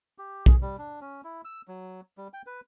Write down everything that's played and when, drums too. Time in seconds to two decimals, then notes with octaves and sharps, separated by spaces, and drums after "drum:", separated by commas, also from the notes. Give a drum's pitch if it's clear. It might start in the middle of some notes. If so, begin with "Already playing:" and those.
0.18 G4
0.46 G#4, drum: kick
0.61 G3
0.78 D4
1.01 C#4
1.24 E4
1.45 E6
1.68 F#3
2.18 G3
2.33 G5
2.47 B4